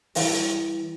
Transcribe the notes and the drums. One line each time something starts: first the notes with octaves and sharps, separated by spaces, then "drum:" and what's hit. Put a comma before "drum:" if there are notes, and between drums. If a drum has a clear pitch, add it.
E3 G3, drum: open hi-hat